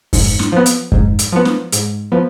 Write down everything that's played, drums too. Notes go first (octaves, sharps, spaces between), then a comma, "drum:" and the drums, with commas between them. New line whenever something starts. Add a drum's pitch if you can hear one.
G#2, drum: kick F2, open hi-hat
drum: snare
F3 B3
drum: hi-hat
G#2, drum: kick F2
drum: hi-hat
F3 B3
drum: snare
G#2, drum: hi-hat
F3 B3